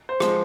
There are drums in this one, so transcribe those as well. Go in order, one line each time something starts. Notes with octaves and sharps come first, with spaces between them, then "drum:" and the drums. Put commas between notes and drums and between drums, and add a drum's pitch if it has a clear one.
C5
F3 G#3 C5, drum: rim click